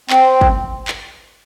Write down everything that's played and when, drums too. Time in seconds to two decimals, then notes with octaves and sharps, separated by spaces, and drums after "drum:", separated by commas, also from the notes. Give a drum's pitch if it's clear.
0.10 C4, drum: clap
0.41 drum: kick
0.88 drum: clap